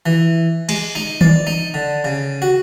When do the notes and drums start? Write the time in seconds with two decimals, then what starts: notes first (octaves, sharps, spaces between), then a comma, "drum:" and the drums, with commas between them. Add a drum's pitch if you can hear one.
0.06 E3
0.69 G#3, drum: cymbal
0.95 D#4
1.21 D5, drum: tom D#3
1.47 D#4
1.74 D3
2.04 C#3
2.42 F#4